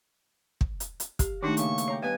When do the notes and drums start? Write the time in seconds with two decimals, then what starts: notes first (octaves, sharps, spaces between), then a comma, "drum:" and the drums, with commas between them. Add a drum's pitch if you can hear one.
0.61 drum: kick
0.80 drum: hi-hat
1.00 drum: hi-hat
1.19 G4 F5, drum: kick, hi-hat
1.43 D#3 A3 D4 D#4 F#4 G4
1.57 A2 C#3 A#3 C#6 E6, drum: hi-hat
1.78 drum: hi-hat
1.88 C#5 G5 A#5 D6
2.03 G2 B3 B4 D#5 F5 G#5